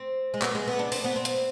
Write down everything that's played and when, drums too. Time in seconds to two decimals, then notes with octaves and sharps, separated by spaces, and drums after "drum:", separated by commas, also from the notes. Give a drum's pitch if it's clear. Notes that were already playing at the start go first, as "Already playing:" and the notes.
Already playing: C4
0.34 G#3
0.42 B3, drum: clap
0.55 G#3
0.67 B3
0.79 D4
0.92 C4, drum: open hi-hat
1.04 B3
1.16 C4
1.25 drum: hi-hat